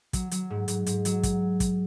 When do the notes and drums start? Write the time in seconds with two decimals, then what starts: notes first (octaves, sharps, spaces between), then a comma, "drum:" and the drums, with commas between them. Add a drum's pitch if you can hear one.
0.13 F#3, drum: kick, hi-hat
0.31 F#3, drum: hi-hat
0.50 G#2
0.68 G#2, drum: hi-hat
0.86 G#2, drum: hi-hat
1.05 F#3, drum: hi-hat
1.23 drum: kick, hi-hat
1.60 drum: kick, hi-hat